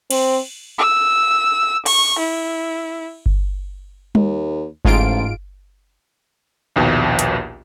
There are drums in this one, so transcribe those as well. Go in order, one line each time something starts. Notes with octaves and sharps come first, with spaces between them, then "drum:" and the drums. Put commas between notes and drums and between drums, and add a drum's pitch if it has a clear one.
C4, drum: cymbal
E6
C#6, drum: cymbal
E4
drum: kick G1
D#2, drum: tom G3
A1 G#2 F4 D7, drum: kick G1
A#1 D#2 B2
drum: hi-hat